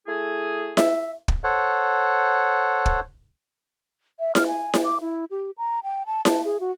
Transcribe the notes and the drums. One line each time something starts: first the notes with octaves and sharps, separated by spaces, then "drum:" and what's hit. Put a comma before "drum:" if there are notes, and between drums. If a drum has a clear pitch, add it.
A3 E4 G#4
E5, drum: snare E4
drum: kick
A4 C5 C#5 F#5
drum: kick
E5
F6, drum: snare E4
G#5
drum: snare E4
D6
E4
G4
A#5
G5
A5
A5, drum: snare E4
G#4
F#4